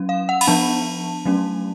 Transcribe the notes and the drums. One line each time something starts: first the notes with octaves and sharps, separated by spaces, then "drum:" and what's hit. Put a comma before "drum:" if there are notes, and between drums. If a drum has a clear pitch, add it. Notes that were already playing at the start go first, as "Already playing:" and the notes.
Already playing: F#3 C#4
F5
F#5
B5, drum: cymbal
F3 B3 D4 A5
F#3 A3 C#4